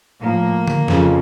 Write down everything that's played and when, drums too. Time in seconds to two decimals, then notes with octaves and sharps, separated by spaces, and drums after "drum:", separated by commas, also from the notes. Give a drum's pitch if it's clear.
0.20 A2 F3 A#3
0.68 drum: tom D3
0.88 F2 C#3 F3, drum: snare